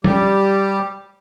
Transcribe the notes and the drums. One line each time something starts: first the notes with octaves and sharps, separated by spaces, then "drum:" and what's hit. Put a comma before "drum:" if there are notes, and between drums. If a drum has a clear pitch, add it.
G3 G4, drum: tom F3